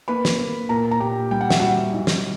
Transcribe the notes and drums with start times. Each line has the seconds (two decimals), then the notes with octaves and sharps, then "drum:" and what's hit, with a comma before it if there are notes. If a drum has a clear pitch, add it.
0.08 A#3 B4 B5
0.25 drum: snare
0.39 A#3
0.69 A#2 A#4 A#5
0.91 A#5
1.00 A#2 G4 G5
1.31 G3 G5
1.41 F#5
1.50 E5, drum: snare
1.60 G3 F#4 F#5
1.93 B1
2.07 drum: snare